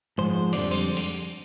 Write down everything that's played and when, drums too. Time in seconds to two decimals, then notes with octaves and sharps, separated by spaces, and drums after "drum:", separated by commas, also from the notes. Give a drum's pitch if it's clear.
0.18 G#2 F3 G#3 C5
0.36 C5
0.53 F2 D3 G3 D5, drum: open hi-hat
0.71 C5, drum: cymbal
0.97 drum: open hi-hat